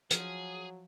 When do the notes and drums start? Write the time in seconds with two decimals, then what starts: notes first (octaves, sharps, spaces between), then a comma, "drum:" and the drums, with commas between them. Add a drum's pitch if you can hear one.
0.11 F3 F#3 G#4, drum: hi-hat